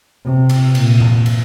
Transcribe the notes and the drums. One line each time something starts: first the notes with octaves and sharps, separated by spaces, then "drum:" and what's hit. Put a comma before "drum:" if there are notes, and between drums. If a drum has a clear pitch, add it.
C3
drum: cymbal
A#2, drum: cymbal
drum: tom G2
drum: cymbal